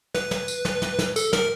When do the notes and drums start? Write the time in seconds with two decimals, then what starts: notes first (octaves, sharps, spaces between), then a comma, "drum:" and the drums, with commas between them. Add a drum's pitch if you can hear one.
0.14 B4, drum: snare
0.31 drum: snare
0.48 drum: tambourine
0.65 drum: snare
0.82 drum: snare
0.99 drum: snare
1.16 A4, drum: tambourine
1.33 A#4, drum: snare